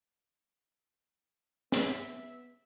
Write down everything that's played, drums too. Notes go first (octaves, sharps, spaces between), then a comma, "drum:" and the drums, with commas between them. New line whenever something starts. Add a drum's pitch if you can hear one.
B3 E5, drum: snare